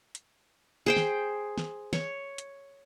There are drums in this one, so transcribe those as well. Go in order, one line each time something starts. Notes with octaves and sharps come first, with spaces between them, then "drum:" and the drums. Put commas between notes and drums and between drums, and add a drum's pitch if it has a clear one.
drum: hi-hat
G#4 C5 G5
drum: snare
drum: snare
C#5, drum: snare
drum: hi-hat